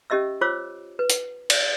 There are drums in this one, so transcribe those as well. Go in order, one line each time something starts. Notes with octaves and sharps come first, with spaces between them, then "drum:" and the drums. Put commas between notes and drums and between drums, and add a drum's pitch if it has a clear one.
C#4 G4 D#5 E5 E6
F4 C5 C#5 D6 E6
B4
drum: hi-hat
drum: cymbal